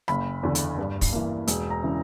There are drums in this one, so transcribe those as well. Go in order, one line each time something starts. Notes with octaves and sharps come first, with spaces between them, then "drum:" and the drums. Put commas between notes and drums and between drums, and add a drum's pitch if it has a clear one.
F#1 B5, drum: rim click
E2 D3
drum: hi-hat
G2
drum: kick, open hi-hat
E3 A#3
E1, drum: hi-hat
A#5
C#3 E3